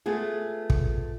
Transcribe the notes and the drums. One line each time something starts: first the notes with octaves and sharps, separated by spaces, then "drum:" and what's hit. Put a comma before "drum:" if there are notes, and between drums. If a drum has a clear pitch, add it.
A3 B3 F4 G#4
drum: kick